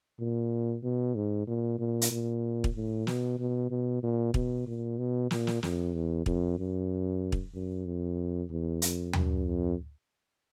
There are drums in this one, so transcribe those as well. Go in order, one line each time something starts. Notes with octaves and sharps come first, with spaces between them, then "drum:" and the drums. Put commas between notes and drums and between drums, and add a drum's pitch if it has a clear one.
A#2
B2
G#2
A#2
A#2
drum: hi-hat
A#2
drum: kick
A2
B2, drum: snare
B2
B2
A#2
B2, drum: kick
A#2
B2
A#2, drum: snare
drum: snare
F2, drum: snare
E2
F2, drum: kick
F#2
drum: kick
F#2
F2
E2
F2, drum: hi-hat
F#2, drum: tom D#2
F2